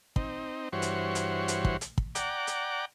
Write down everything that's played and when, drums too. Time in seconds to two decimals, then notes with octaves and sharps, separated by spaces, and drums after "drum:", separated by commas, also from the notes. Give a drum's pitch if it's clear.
0.16 C4 D#4, drum: kick
0.73 G2 E3 F#4 C5 C#5
0.82 drum: hi-hat
1.15 drum: hi-hat
1.48 drum: hi-hat
1.65 drum: kick
1.81 drum: hi-hat
1.98 drum: kick
2.15 D5 F#5 G5 A#5 D6, drum: hi-hat
2.47 drum: hi-hat